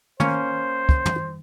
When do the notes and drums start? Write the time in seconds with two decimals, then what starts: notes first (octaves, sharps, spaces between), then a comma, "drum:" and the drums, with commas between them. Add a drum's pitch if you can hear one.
0.20 A#3 C#4 C5 C#5, drum: tom
0.89 drum: kick
1.06 drum: tom